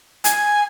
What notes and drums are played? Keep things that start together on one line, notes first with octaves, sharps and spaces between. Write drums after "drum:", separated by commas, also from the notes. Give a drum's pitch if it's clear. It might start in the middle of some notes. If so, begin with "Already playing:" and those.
G#5, drum: hi-hat